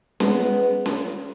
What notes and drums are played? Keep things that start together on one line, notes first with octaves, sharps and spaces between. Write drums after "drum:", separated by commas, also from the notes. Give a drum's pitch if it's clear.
G#3 B3, drum: snare C#4
drum: snare C#4